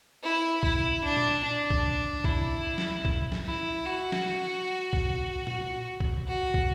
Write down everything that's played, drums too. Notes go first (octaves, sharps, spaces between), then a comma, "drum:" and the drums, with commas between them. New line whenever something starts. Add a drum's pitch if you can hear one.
E4
E4, drum: kick
D4
drum: tom A#2
D4
drum: kick
E4, drum: kick
drum: snare
drum: kick
drum: snare
E4
F#4
drum: snare
drum: kick
F#4, drum: tom A#2
drum: kick
F#4
drum: kick